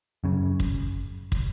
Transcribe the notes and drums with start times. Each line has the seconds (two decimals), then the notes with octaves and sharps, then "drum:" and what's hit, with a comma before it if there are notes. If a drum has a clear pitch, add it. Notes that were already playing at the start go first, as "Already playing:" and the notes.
0.24 F#2 C#3
0.60 drum: kick
1.32 drum: kick